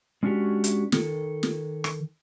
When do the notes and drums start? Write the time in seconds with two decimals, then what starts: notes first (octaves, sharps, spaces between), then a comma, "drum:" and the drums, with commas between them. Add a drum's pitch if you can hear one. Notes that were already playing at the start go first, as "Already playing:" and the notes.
0.23 G#3 C#4 D4 F#4 G4
0.64 drum: hi-hat
0.92 D#3 A4, drum: snare
1.43 drum: snare
1.84 drum: rim click